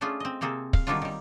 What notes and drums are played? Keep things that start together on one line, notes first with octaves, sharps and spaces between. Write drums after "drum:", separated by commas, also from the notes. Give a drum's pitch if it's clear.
A3 C#4 D4 F4 G#4
C4 D#5
C3 A#3 C4 G#4 A4
F5, drum: kick
D#3 F#3 G3 A#3 D4 F4
D#3 G3